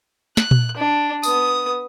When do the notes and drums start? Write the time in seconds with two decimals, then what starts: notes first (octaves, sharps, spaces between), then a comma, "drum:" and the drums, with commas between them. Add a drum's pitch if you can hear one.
0.37 F#6, drum: snare
0.51 drum: tom A#2
0.77 D4
1.23 B3 D#6, drum: tambourine